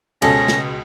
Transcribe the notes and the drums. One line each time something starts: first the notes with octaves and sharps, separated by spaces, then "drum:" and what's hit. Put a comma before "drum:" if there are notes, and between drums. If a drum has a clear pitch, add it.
C#2 B2 F3 G#3 C#4 A4 A#6, drum: cymbal
drum: snare